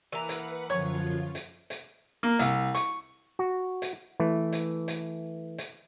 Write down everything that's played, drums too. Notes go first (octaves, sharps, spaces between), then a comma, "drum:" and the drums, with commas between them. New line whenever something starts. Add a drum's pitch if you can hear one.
E3 A#3 B4 F#5 A#5
drum: hi-hat
F#2 D3 F3 F4 C#5 C#6
drum: hi-hat
drum: hi-hat
A#3
C2, drum: hi-hat
C#6, drum: hi-hat
F#4
drum: hi-hat
E3 A3
drum: hi-hat
drum: hi-hat
drum: hi-hat